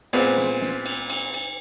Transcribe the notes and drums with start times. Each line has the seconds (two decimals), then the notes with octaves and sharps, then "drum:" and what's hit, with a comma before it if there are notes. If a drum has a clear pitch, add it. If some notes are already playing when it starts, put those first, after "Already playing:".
0.13 A#2 G#3 B3 C4, drum: cymbal
0.37 drum: snare
0.61 drum: snare
0.86 drum: cymbal
1.10 drum: cymbal
1.34 drum: cymbal